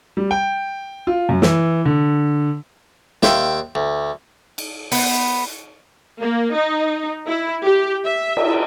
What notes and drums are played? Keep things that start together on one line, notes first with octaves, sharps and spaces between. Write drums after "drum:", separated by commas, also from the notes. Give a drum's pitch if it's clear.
G3
G5
F4
F#2
E3, drum: snare
D3
D#2 E5 F5 G5 C6, drum: snare
D2
drum: cymbal
B3, drum: open hi-hat
A#3
D#4
E4
G4
E5
drum: cymbal